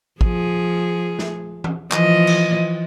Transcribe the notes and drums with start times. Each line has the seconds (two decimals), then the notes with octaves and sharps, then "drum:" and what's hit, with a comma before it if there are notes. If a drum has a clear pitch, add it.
0.21 F3 G#4, drum: kick
1.19 drum: snare
1.64 drum: tom E3
1.92 E3 F3 D#5, drum: clap
2.27 drum: cymbal